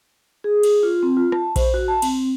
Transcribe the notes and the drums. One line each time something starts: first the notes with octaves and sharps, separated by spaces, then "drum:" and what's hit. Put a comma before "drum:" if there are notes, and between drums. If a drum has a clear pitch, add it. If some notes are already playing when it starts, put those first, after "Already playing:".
G#4
drum: cymbal
F4
C4
F4
A5, drum: rim click
C5, drum: kick A#1, cymbal
F#4
A5
C4, drum: cymbal